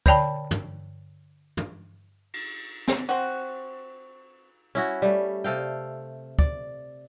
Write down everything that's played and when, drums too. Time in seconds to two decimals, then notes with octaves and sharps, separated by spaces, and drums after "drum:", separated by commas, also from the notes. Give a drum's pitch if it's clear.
0.06 D3 C#5 D5 G5 A5 B5, drum: kick
0.51 drum: tom
1.57 drum: tom
2.34 drum: cymbal
2.88 drum: snare
3.09 C4 F#4
4.75 C#4 E4 F#4
5.02 G3 A3
5.44 C3 A4 F5 G5
6.39 D5, drum: kick